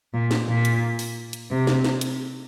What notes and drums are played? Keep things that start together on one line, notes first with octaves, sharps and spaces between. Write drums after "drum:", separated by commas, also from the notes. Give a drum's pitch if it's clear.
A#2
drum: snare
A#2
drum: hi-hat
drum: open hi-hat
drum: hi-hat
C3
drum: snare
drum: snare
drum: hi-hat